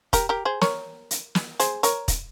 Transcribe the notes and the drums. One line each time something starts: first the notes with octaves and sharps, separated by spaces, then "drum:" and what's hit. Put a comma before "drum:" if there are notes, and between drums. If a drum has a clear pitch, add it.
G4 A#4, drum: kick, hi-hat
G4 A#4
G#4 C5
A#4 C#5, drum: snare
drum: hi-hat
drum: snare
G#4 C5, drum: hi-hat
A#4 C#5, drum: hi-hat
drum: kick, hi-hat